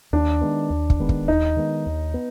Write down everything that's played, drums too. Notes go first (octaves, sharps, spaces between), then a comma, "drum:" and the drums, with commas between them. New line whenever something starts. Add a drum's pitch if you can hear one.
D#2 D4
D#3 G#3 B3
D#2
drum: kick
D#3 G#3 B3
drum: kick
D#2 D#4
D#3 G#3 B3
D#2
B3